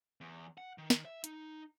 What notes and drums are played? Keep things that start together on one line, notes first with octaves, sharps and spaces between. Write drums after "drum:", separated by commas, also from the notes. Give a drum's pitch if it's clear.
E2
F#5
D#3
drum: snare
E5
D#4, drum: hi-hat